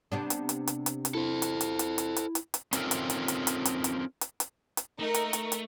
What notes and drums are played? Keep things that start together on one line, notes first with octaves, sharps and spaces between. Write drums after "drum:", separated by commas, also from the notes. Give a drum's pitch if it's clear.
C3 B3 D4
drum: hi-hat
drum: hi-hat
drum: hi-hat
drum: hi-hat
drum: hi-hat
E4 A4 C5
drum: hi-hat
drum: hi-hat
drum: hi-hat
drum: hi-hat
drum: hi-hat
drum: hi-hat
drum: hi-hat
C4 C#4 D#4 F4 A4 A#4, drum: hi-hat
drum: hi-hat
drum: hi-hat
drum: hi-hat
drum: hi-hat
drum: hi-hat
drum: hi-hat
drum: hi-hat
drum: hi-hat
drum: hi-hat
A3 D#4 A#4
drum: hi-hat
drum: hi-hat
drum: hi-hat